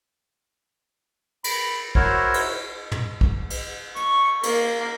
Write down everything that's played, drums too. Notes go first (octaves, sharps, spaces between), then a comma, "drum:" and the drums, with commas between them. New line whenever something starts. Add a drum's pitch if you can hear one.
B5, drum: cymbal
E4 F#4 A#4 C5 C#5, drum: kick
drum: cymbal
drum: tom
drum: kick
drum: cymbal
C#6, drum: hi-hat
A#3, drum: cymbal